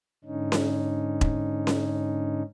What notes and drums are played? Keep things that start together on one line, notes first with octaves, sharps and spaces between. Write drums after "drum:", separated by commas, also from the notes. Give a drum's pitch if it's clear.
G#2 D3 C#4 D#4
drum: snare C#4
drum: kick E1
drum: snare C#4